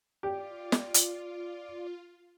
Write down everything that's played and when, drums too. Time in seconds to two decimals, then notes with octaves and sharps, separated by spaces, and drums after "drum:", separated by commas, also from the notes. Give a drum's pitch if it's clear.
0.23 F4 G4 D5
0.72 drum: snare
0.94 drum: hi-hat